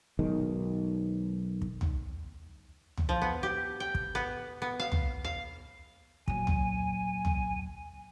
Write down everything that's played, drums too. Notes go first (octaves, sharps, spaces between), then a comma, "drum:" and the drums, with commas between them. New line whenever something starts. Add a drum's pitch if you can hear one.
B1 D#3 G#3
drum: kick
drum: tom
drum: tom
F3
B3
G4
G5
drum: kick
B3
B3
F5
drum: tom
F5
A#2 F#3 G#5, drum: kick
drum: tom
drum: tom